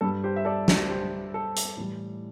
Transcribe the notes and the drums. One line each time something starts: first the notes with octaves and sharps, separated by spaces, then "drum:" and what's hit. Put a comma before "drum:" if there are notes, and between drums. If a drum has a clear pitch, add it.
G2 G3 A4
G4 C5
E5
A4 D5
A4, drum: snare
G4 C5
A4
drum: hi-hat
A2 E3 G3